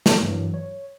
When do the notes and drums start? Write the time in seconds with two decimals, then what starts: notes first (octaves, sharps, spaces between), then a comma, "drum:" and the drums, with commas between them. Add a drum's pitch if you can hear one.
0.06 G3 A#3 A#4, drum: snare
0.22 G2 E3 F#3
0.54 C#5